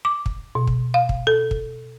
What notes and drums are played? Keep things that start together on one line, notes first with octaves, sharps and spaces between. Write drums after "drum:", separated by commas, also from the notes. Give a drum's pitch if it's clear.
D6
drum: kick
B2
drum: kick
F5
drum: kick
A4
drum: kick